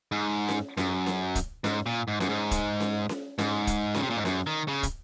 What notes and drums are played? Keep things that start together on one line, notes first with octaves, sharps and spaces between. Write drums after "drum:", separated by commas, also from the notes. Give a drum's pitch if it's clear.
G#2
drum: snare C#4
F#2, drum: snare C#4
drum: snare C#4
drum: kick, hi-hat
G#2, drum: snare C#4
A#2
G#2
F#2, drum: snare C#4
G#2
drum: kick, hi-hat
drum: snare C#4
drum: snare C#4
G#2, drum: snare C#4
drum: kick, hi-hat
C#3, drum: snare C#4
C3
A#2
G#2
F#2, drum: snare C#4
D#3
C#3
drum: kick, hi-hat